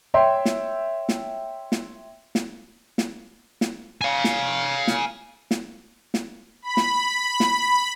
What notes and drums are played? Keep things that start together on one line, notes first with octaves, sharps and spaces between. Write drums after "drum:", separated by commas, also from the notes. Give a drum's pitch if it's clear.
C#5 E5 G5 C6
drum: snare
drum: snare
drum: snare
drum: snare
drum: snare
drum: snare
F5 G#5
drum: snare
drum: snare
drum: snare
drum: snare
B5
drum: snare
drum: snare